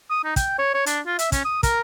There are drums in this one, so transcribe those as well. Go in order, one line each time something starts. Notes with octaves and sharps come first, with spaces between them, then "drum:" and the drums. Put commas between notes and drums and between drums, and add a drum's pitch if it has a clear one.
D#6
D#4
G5, drum: kick, hi-hat
C#5
C#5
D4, drum: hi-hat
F4
E5, drum: hi-hat
C#4, drum: kick, hi-hat
D#6
A#4, drum: kick, hi-hat